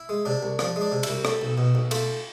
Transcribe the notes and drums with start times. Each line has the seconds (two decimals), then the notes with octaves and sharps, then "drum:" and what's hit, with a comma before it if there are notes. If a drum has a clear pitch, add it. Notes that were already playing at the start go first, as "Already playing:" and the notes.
Already playing: E4
0.09 G#3
0.25 C3 D4
0.43 C2
0.59 F3 D4, drum: rim click
0.76 G#3
0.81 D4
0.92 C3
1.03 E4, drum: cymbal
1.08 C2
1.25 A3, drum: rim click
1.41 B1
1.58 B2
1.75 B1
1.91 A3 F4, drum: cymbal